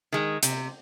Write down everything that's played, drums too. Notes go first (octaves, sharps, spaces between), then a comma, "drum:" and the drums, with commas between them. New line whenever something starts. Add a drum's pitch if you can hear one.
D#3 G#3
C3, drum: hi-hat